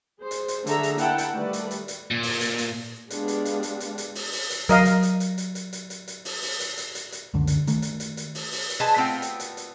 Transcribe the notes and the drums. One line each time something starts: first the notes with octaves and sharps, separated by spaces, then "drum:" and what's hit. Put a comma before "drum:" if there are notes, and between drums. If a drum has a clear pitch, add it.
G#4 C5
drum: hi-hat
drum: hi-hat
D3 A3 G#4 A4 E5 A#5, drum: hi-hat
drum: hi-hat
A#3 E4 F#5 G5 A5, drum: hi-hat
drum: hi-hat
D#3 G3 A3 A4 B4 D5
drum: hi-hat
drum: hi-hat
drum: hi-hat
A#2
drum: open hi-hat
drum: hi-hat
drum: hi-hat
G#3 B3 D4 G4 F5, drum: hi-hat
drum: hi-hat
drum: hi-hat
drum: hi-hat
drum: hi-hat
drum: hi-hat
drum: open hi-hat
drum: open hi-hat
drum: hi-hat
F#3 A#4 D#5 F5, drum: hi-hat
drum: hi-hat
drum: hi-hat
drum: hi-hat
drum: hi-hat
drum: hi-hat
drum: hi-hat
drum: hi-hat
drum: hi-hat
drum: open hi-hat
drum: open hi-hat
drum: hi-hat
drum: hi-hat
drum: hi-hat
drum: hi-hat
C#2 F#2 D3
drum: hi-hat
D#3 A3, drum: hi-hat
drum: hi-hat
drum: hi-hat
drum: hi-hat
drum: open hi-hat
drum: open hi-hat
drum: hi-hat
G#4 B4 C5 D#5 A5
A3 B3 C4 F4 G5
drum: hi-hat
drum: hi-hat
drum: hi-hat